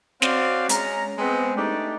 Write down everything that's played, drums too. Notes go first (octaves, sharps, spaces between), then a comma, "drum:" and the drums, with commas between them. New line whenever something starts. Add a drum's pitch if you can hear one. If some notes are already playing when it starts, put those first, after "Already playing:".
C4 C#4 F#4 D5 F5, drum: snare
G#3 C#4 A#5, drum: hi-hat
G#3 B3 C4
A3 D4 D#4 G4 D5